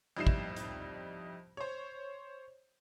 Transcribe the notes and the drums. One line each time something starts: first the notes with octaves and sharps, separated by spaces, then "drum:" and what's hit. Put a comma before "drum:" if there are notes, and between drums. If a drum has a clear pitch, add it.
F2 G3 D#4 E4 C7 E7
drum: kick
drum: hi-hat
C5 C#5